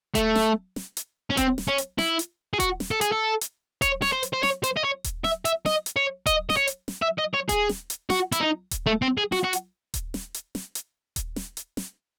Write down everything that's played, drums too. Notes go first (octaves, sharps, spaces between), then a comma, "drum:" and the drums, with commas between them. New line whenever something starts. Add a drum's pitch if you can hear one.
A3, drum: kick D#1, hi-hat
drum: snare
drum: snare
drum: hi-hat
C#4
C4, drum: kick D#1, hi-hat
drum: snare
C#4
drum: hi-hat
E4, drum: snare
drum: hi-hat
G#4
F#4, drum: kick D#1, hi-hat
drum: snare
A4
G#4, drum: hi-hat
A4
drum: hi-hat
C#5, drum: kick D#1, hi-hat
C#5, drum: snare
C5
drum: hi-hat
C5
C#5, drum: snare
C5, drum: hi-hat
D#5
C#5
drum: kick D#1, hi-hat
E5, drum: snare
E5, drum: hi-hat
D#5, drum: snare
drum: hi-hat
C#5
D#5, drum: kick D#1, hi-hat
D#5, drum: snare
C#5
drum: hi-hat
drum: snare
E5
D#5
C#5
G#4, drum: kick D#1, hi-hat
drum: snare
drum: hi-hat
F#4, drum: snare
E4, drum: hi-hat
D#4
drum: kick D#1, hi-hat
A3
C4
G#4
F#4, drum: snare
F#4
drum: hi-hat
drum: kick D#1, hi-hat
drum: snare
drum: hi-hat
drum: snare
drum: hi-hat
drum: kick D#1, hi-hat
drum: snare
drum: hi-hat
drum: snare